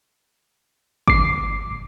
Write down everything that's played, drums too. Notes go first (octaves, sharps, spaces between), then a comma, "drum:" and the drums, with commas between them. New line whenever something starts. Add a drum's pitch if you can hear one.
D6 C7, drum: kick G1